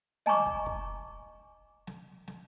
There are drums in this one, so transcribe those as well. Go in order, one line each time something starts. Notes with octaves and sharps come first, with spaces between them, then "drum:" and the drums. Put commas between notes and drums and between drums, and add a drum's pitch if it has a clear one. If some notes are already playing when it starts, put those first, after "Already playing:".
D#5 G#5 A#5 C#6 D6, drum: tom
drum: kick
drum: kick
drum: snare
drum: snare